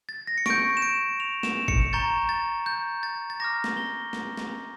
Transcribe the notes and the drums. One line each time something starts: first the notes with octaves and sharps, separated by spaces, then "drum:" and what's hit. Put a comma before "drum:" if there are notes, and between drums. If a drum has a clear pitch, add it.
A6
A#6
C#7
C#6 G6 D7, drum: snare
E7
D7
F7
E7, drum: snare
C#7, drum: kick G1
A#5 C#6 G6 A6
A6
G6
A6
A6
A#5 D6 F6 A#6
drum: snare
G7
drum: snare
drum: snare